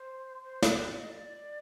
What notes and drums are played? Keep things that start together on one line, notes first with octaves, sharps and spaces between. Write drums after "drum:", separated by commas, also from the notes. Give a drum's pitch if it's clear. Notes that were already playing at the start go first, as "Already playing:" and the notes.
Already playing: C5
C5
D5, drum: snare
D5
D#5
D5